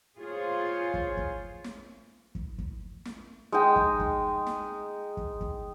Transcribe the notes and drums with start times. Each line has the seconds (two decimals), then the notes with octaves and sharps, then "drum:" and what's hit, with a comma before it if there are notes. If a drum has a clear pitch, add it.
0.19 F4 G#4 C5 C#5
0.94 drum: kick
1.17 drum: kick
1.64 drum: snare
2.35 drum: kick
2.58 drum: kick
3.05 drum: snare
3.52 G#3 D#4 G5
3.76 drum: kick
3.99 drum: kick
4.46 drum: snare
5.17 drum: kick
5.41 drum: kick